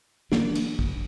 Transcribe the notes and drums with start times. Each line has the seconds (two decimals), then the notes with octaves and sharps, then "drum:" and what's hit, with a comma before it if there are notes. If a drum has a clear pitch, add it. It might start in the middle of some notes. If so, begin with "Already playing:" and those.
0.32 E3 A#3 D4, drum: snare
0.55 drum: cymbal
0.79 drum: kick